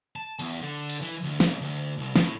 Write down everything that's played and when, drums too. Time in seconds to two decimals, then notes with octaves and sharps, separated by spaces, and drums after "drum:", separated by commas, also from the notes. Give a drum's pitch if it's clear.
0.16 A5
0.39 E2, drum: cymbal
0.62 D3
0.89 drum: cymbal
1.01 E3
1.23 D2
1.40 B1, drum: snare
1.61 D2
1.98 C2
2.16 A2, drum: snare